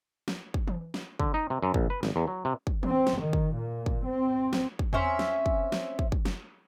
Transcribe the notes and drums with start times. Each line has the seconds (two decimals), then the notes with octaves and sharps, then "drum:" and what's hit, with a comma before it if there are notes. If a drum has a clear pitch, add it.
0.28 drum: snare
0.54 drum: kick
0.68 drum: tom E3
0.94 drum: snare
1.20 D3, drum: kick
1.34 D#4
1.50 C3
1.63 F#2
1.74 A#1, drum: kick
1.90 B4
2.03 G#1, drum: snare
2.16 E2
2.27 F#3
2.45 C3
2.67 drum: kick
2.83 C4, drum: tom E3
3.07 drum: snare
3.20 D#3
3.33 drum: kick
3.55 A#2
3.86 drum: kick
4.04 C4
4.53 drum: snare
4.79 drum: kick
4.93 C4 C#4 E5 G#5, drum: tom E2
5.19 drum: snare
5.46 drum: kick
5.72 drum: snare
5.99 drum: kick
6.12 drum: kick
6.25 drum: snare